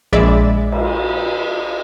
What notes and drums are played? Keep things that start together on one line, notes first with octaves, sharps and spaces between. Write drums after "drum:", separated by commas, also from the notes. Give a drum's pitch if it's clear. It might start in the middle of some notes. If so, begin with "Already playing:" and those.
A#1 G#3 D5 E5 B5 D6
drum: cymbal